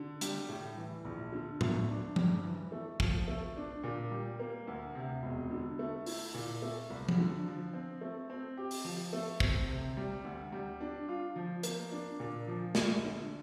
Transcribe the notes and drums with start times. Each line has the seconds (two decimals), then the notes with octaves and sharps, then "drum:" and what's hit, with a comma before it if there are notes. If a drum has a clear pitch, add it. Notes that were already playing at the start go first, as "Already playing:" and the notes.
Already playing: D3
0.21 G3, drum: hi-hat
0.49 A2
0.77 E3
1.05 A#1
1.32 D3
1.61 A3, drum: tom A2
1.89 D4
2.16 G2, drum: tom F3
2.45 E3
2.72 A3
3.00 F3, drum: kick
3.28 A3
3.56 D4
3.84 A#2
4.11 G3
4.39 A#3
4.67 D2
4.95 C3
5.23 E1
5.51 D3
5.79 A3
6.06 E4, drum: open hi-hat
6.34 A#2
6.62 A3
6.90 C2
7.09 drum: tom F3
7.18 D3
7.46 F3
7.73 C4
8.01 A3
8.30 C4
8.57 G4
8.71 drum: open hi-hat
8.84 F3
9.13 A3
9.40 C4, drum: kick
9.68 C3
9.97 G3
10.24 D2
10.52 G3
10.80 D4
11.09 F4
11.36 F3
11.63 A#3, drum: hi-hat
11.92 D4
12.20 A#2
12.47 F3
12.75 A#1, drum: snare
13.03 D3